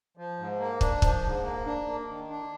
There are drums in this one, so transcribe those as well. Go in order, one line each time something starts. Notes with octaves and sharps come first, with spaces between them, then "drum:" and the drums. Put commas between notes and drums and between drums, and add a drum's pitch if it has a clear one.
F3
G#2
A#3
D4, drum: kick
F3, drum: kick
G#2
A#3
D4
A#3
D#3
D4